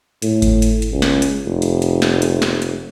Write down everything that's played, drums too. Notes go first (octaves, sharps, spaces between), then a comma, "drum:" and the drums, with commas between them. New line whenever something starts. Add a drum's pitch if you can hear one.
A2, drum: hi-hat
drum: kick G#1, hi-hat
drum: hi-hat
drum: hi-hat
C#2
drum: snare
drum: hi-hat
F1
drum: hi-hat
drum: hi-hat
drum: snare
drum: hi-hat
drum: snare
drum: hi-hat